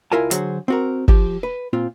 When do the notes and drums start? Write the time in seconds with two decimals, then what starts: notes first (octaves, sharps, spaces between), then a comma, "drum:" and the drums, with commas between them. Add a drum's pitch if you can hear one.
0.12 C#2 E4 F4 A#4 G#5 A5
0.31 D3 F#3 F#4 G#4 C5, drum: hi-hat
0.68 C4 F#4 A#4
1.08 F3 G4, drum: kick
1.43 B4
1.73 A#2 C4 F4